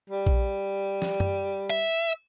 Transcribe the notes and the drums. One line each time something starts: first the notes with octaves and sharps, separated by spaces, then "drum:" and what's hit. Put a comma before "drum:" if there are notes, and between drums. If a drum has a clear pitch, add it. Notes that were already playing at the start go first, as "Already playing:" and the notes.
G3
drum: kick A#1
drum: snare
drum: tom F#2
E5